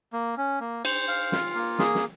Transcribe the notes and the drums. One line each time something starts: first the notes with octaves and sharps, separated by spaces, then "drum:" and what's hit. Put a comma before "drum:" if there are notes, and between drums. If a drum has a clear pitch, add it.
A#3
C#4
A#3
C5, drum: cymbal
F5
F4, drum: snare
A#3
G#4, drum: snare
drum: snare